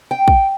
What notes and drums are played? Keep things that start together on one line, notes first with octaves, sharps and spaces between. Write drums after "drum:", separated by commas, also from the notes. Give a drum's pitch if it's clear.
G5
drum: kick